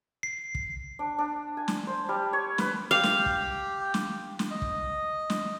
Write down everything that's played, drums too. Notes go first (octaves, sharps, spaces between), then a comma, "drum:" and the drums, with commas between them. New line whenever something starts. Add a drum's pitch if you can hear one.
C7
drum: kick
D4
D4
G#5
drum: snare
C5
G3
C#5
B4, drum: snare
G4 F5
drum: snare
drum: kick
drum: snare
drum: snare
D#5
drum: kick
drum: snare